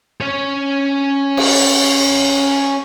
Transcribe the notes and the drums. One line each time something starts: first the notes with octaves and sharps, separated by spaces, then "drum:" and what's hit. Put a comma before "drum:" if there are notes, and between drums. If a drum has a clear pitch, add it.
C#4 C#5
drum: cymbal